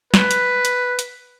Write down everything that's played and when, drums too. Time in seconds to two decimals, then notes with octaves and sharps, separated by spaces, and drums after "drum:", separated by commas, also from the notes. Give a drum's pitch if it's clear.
0.14 B4, drum: snare
0.31 drum: hi-hat
0.65 drum: hi-hat
0.99 drum: hi-hat